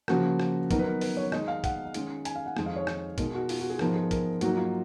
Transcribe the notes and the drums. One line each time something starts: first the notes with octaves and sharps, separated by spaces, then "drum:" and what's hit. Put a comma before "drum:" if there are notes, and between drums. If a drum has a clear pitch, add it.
C#3 F3 A#3 F#4, drum: rim click
drum: rim click
D#3 F#3 B3 D#4 A#4, drum: kick, hi-hat
B4
A#4
B4, drum: open hi-hat
C#5
D#3 G#3 D#4 D#5, drum: rim click
F5
F#5, drum: kick, hi-hat
D#3 G#3 C#4, drum: hi-hat
G#5, drum: hi-hat
F5
F#5
F2 D#3 G#3, drum: rim click
F5
C#5
drum: rim click
B2 G#3 D#4 A#4, drum: kick, hi-hat
F#4
F4, drum: open hi-hat
F#4
G#4
G#2 F3 B3 D#4 A#4, drum: rim click
G#4
A#4, drum: kick, hi-hat
G#2 F#3 A#3 D#4 F#4, drum: hi-hat
F4